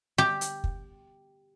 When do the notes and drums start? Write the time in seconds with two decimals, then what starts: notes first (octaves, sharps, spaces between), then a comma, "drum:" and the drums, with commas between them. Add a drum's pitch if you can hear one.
0.18 G4
0.41 drum: hi-hat
0.64 drum: kick